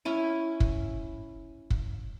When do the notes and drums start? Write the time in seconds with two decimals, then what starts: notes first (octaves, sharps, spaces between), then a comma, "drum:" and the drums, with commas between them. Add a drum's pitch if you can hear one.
0.05 C#4 E4 G#5
0.60 drum: kick
1.70 drum: kick